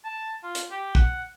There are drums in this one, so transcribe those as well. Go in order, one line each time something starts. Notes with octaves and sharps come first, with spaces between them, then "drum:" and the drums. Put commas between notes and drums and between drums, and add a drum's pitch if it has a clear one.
A5
F4
drum: hi-hat
G4
F#5, drum: kick